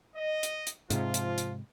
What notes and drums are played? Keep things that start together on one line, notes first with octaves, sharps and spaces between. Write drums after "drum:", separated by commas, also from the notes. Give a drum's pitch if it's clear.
D#5
drum: hi-hat
drum: hi-hat
G#2 C3 F3 F4, drum: hi-hat
drum: hi-hat
drum: hi-hat